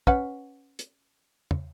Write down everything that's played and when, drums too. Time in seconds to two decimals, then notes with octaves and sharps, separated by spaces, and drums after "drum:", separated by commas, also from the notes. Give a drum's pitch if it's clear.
0.07 C#4 B4 F#5, drum: kick
0.79 drum: hi-hat
1.51 drum: tom